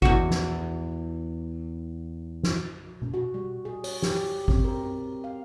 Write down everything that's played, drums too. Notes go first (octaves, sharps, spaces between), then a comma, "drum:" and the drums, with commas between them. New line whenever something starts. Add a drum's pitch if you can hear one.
E2 F#4, drum: kick G#1
drum: snare
drum: snare
drum: tom B2
F#4
G3
G#4
C#5, drum: open hi-hat
G4, drum: snare
C4, drum: kick G#1
A#4
C4
F5